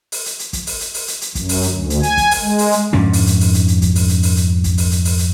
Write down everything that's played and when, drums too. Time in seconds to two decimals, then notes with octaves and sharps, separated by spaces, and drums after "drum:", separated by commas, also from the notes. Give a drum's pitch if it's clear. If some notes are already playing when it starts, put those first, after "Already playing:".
0.12 drum: open hi-hat
0.26 drum: hi-hat
0.39 drum: hi-hat
0.53 drum: kick, hi-hat
0.67 drum: open hi-hat
0.80 drum: hi-hat
0.94 drum: open hi-hat
1.08 drum: hi-hat
1.22 drum: hi-hat
1.35 F#2, drum: kick, hi-hat
1.49 drum: open hi-hat
1.63 drum: hi-hat
1.73 D2
1.90 drum: hi-hat
2.03 G#5, drum: hi-hat
2.17 drum: kick, hi-hat
2.31 drum: open hi-hat
2.42 G#3
2.59 drum: open hi-hat
2.72 drum: hi-hat
2.93 F2 G#2 C#4 D4
3.13 drum: open hi-hat
3.27 drum: hi-hat
3.41 drum: open hi-hat
3.54 drum: hi-hat
3.68 drum: hi-hat
3.82 drum: kick, hi-hat
3.95 drum: open hi-hat
4.09 drum: hi-hat
4.23 drum: open hi-hat
4.37 drum: hi-hat
4.64 drum: kick, hi-hat
4.78 drum: open hi-hat
4.91 drum: hi-hat
5.05 drum: open hi-hat
5.19 drum: hi-hat